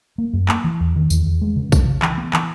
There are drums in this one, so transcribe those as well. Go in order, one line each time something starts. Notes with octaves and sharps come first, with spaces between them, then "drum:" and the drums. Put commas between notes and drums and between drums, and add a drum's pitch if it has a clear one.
A#3
F#2
A#3, drum: clap
E3
E2
D#3
E2, drum: tambourine
E2
G#3
C#3
C#3, drum: kick A#1, tambourine
C#3
E3, drum: clap
B3
E3, drum: clap